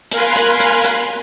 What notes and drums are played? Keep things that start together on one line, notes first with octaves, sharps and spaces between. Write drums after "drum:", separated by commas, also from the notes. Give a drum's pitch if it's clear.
A#4 F5 G#5 B5 C6 F#6, drum: hi-hat
drum: hi-hat
drum: hi-hat
drum: hi-hat